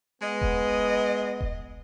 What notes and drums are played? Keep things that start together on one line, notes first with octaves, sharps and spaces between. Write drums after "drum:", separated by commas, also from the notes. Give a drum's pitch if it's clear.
G#3 B3 D#5
drum: kick E1
drum: kick E1